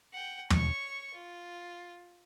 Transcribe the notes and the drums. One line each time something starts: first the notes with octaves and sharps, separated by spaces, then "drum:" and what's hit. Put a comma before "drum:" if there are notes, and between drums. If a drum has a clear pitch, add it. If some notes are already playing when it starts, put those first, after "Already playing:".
F#5 G5
C#5 C#6, drum: tom
F4